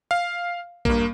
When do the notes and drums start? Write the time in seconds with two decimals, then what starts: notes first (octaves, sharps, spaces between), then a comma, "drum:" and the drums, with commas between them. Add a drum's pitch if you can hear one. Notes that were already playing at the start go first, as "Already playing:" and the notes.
0.11 F5
0.85 G2 A#3, drum: kick A1